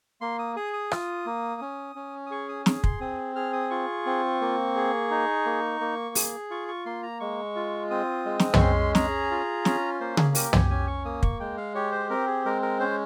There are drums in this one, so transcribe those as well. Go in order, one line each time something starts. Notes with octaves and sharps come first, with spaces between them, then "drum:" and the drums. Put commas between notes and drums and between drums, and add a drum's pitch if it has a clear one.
A#3 C6
D#6
G#4 D#6
D#6
F4, drum: rim click
A#3
C#4
C#4
D#6
G#4 C#6
D#6
G#4 D#6, drum: snare
C6, drum: kick
C4 D#6
G#4 F6
D#6
F4 C#6
C4
A#3
G#4
D#4
A#3
A#3
G#4, drum: open hi-hat
F4 C#6
C#6
A#3 C6
A#5
G#3 C#6
F4
C4 D#6
G#3
drum: snare
C#6, drum: tom
C#4 C6
G#4 A#5, drum: snare
F4
C#4, drum: snare
A#3 C5
G#4, drum: tom C#3
G4 A#4, drum: open hi-hat
G#5, drum: tom
C#4 G#5
C#6
A#3 D#6
C#6, drum: kick
G#3 G5
F5
G4 C#5
C5
C4 A#4
G#4
G#3 A#4
A#4
C#4 C5